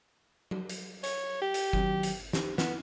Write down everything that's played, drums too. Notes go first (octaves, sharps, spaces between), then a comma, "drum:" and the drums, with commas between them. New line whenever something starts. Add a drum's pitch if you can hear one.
drum: tom F#3
drum: hi-hat
C#5, drum: hi-hat
G4
drum: hi-hat
D#3 F#3, drum: kick F#1
drum: hi-hat
D#4 G4 C5, drum: snare
B3 E4, drum: snare